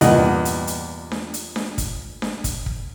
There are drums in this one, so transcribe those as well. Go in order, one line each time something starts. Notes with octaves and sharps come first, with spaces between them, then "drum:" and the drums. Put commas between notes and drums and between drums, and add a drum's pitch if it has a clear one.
E2 G2 A#2 D#5 F#5, drum: hi-hat
drum: hi-hat
drum: hi-hat
drum: snare D4
drum: hi-hat
drum: snare D4
drum: kick, hi-hat
drum: snare D4
drum: kick, hi-hat
drum: kick